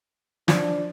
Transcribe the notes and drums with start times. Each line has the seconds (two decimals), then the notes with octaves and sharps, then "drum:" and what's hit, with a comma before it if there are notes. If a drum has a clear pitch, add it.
0.48 F3 D4, drum: snare